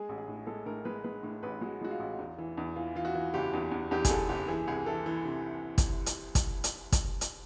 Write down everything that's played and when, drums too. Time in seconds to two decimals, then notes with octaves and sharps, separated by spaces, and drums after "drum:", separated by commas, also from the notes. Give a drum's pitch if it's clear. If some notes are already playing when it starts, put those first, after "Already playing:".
Already playing: G#3 G#4
0.09 A1
0.18 G#4
0.28 A2
0.47 G#3 A4
0.66 A2 A#4
0.85 G#3 B4
1.04 G#3 B4
1.23 A2
1.43 A1 B4
1.61 G#3 F#4
1.81 G#3 F#4
1.91 F4
2.00 A1
2.19 E2
2.38 E3
2.57 E2
2.76 E3 F4
2.96 E3 F4
3.05 F#4
3.15 E3
3.34 F#1 G4
3.54 E2
3.71 E2
3.91 E2 G4
4.05 G#4, drum: kick, hi-hat
4.10 E2 A4
4.29 F#1 G4
4.48 E3 G#4
4.67 C2 G#4
4.86 E3 A4
5.06 E3
5.25 C3
5.78 drum: kick, hi-hat
6.06 drum: hi-hat
6.35 drum: kick, hi-hat
6.64 drum: hi-hat
6.92 drum: kick, hi-hat
7.21 drum: hi-hat